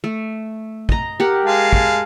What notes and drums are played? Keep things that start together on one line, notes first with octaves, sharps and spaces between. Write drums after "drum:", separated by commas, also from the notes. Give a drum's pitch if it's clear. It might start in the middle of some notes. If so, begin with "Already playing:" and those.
A3
D#5 A#5, drum: kick
G4 A#4 F#5
G#3 F5 A5
drum: kick